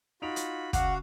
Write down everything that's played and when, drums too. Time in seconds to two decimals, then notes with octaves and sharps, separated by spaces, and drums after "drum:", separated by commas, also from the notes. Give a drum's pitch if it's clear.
0.22 D#4 F4 F#4 B5 D7 F7
0.36 drum: hi-hat
0.73 C#3 F#4 F5 F#5 D6 F7, drum: kick, hi-hat